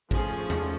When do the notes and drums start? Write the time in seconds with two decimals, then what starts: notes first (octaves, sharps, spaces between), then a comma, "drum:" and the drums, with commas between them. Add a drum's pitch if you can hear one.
0.11 F3 A3 C#4 G#4, drum: kick A1
0.50 drum: tom E2